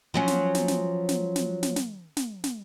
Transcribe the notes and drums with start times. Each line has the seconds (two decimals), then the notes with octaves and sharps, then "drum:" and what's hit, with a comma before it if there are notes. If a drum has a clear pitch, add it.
0.14 F3 F#3 C#4
0.28 drum: snare
0.55 drum: snare
0.68 drum: snare
1.09 drum: snare
1.36 drum: snare
1.63 drum: snare
1.76 drum: snare
2.17 drum: snare
2.44 drum: snare